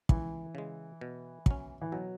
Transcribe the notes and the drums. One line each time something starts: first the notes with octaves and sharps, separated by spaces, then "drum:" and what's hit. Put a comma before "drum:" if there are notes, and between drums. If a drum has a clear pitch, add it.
C#2 E3, drum: kick
C#3 G#3
B2
F#3 C#4, drum: kick
E3
B2 F#3